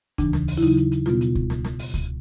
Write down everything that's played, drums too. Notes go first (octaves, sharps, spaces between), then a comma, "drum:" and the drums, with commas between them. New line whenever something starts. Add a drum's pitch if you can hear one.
D#2 C#3 E3 D4, drum: kick C#2, hi-hat
drum: snare
drum: open hi-hat
E4
D#2 C#3 F#3 D#4, drum: hi-hat
drum: hi-hat
drum: hi-hat
B2 G3 B3 F4, drum: snare
drum: hi-hat
drum: kick C#2
drum: snare
drum: snare
drum: open hi-hat
drum: kick C#2, hi-hat